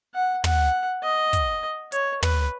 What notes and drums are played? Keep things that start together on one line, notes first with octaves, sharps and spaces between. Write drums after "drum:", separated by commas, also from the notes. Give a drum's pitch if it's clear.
F#5
F#5, drum: tom
D#5
drum: kick, hi-hat
C#5, drum: hi-hat
B4, drum: tom